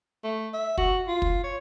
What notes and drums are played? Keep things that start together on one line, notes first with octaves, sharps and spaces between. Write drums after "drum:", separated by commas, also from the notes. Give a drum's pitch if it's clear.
A3
E5
F#4, drum: kick
F4
drum: kick
C#5